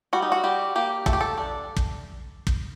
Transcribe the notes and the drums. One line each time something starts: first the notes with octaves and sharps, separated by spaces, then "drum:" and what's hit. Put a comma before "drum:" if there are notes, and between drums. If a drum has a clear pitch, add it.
G3 F#4
D#4
F#4
G3 G4
A#3 G4
A3 A4, drum: kick
G4
A4
D4
drum: kick
drum: kick